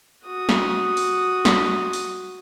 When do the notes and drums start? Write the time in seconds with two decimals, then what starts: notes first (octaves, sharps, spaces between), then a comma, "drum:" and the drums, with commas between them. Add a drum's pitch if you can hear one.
0.25 F#4 D#6
0.49 drum: snare
0.97 drum: open hi-hat
1.45 drum: snare
1.93 drum: open hi-hat